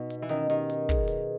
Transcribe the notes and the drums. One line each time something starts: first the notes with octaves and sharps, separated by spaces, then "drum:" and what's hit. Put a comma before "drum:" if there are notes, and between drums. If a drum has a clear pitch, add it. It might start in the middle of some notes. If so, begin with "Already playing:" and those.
Already playing: B2 D#4
D#5, drum: hi-hat
E3
D#3 C#4, drum: hi-hat
D#3 G4, drum: hi-hat
A#4, drum: hi-hat
G#4, drum: kick
B4, drum: hi-hat